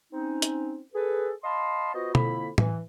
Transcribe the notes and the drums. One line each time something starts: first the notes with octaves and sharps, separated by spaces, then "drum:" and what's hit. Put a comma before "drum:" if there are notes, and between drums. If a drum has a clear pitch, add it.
C4 C#4 D#4
drum: hi-hat
G#4 A4 B4
D#5 F5 A5 B5 C6
B3 F4 F#4 C5 D#5
F2 D3 A#3 E4 B5, drum: tom
E3, drum: tom A2